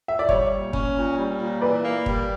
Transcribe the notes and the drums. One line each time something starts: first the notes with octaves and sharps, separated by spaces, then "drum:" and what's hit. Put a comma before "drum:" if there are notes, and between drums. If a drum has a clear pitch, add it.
E5
D5
G3 C#5, drum: kick
A#2
C#4, drum: kick
A#2
G3
A#2
E3 B4 D5
A#3
G3, drum: kick